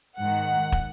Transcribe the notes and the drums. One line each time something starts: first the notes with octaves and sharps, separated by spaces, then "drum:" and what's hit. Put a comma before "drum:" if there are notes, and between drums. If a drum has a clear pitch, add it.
G#2 D#3 F#5
drum: kick